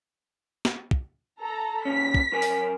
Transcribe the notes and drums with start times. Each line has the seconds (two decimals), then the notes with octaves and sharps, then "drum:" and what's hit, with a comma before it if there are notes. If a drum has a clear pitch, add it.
0.65 drum: snare
0.91 drum: kick
1.41 A4 A#5
1.85 A#2 C#3 C#4 B6
2.14 drum: kick
2.32 F#2 A#4 G#5
2.42 drum: open hi-hat